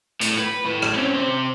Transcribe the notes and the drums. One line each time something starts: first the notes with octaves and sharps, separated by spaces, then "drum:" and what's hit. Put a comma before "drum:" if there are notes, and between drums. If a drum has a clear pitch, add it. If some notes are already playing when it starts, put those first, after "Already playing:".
A2, drum: hi-hat
B4
A2
drum: rim click
C4 C#4
C3 C5